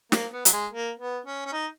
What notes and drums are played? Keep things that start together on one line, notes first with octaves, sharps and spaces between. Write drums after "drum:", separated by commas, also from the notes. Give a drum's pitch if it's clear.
A#3, drum: snare
B3
F#3, drum: hi-hat
G#3
A#3
B3
C#4
C#4
D#4